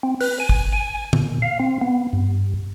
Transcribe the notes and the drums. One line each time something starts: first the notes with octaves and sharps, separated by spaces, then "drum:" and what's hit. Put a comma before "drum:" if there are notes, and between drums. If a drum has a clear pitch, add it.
C4
B4, drum: open hi-hat
G#5
drum: kick
G#5
A#2, drum: tom
F5
C4
B3
G2